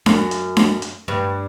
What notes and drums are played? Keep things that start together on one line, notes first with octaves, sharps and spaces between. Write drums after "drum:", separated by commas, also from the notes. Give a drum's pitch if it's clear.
F#2, drum: snare D4
drum: hi-hat
drum: snare D4
drum: hi-hat
G2